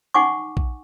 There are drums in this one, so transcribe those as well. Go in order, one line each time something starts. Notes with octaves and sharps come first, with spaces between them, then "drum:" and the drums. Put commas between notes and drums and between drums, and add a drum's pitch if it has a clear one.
D#4 F#5 G#5 C#6 D6
drum: kick A#1